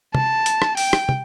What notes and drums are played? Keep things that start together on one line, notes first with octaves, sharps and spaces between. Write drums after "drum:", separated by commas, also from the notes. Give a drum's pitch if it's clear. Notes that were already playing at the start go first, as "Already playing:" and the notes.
A5, drum: tom
drum: hi-hat
drum: rim click
G5, drum: open hi-hat
drum: rim click
drum: tom